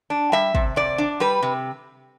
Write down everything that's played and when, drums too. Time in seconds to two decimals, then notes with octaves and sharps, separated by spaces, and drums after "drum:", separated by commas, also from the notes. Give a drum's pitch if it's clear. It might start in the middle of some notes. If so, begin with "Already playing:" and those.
0.10 D4
0.32 G3 E5
0.55 C3, drum: kick
0.76 C3 D5
0.98 D4
1.20 G3 B4
1.42 C3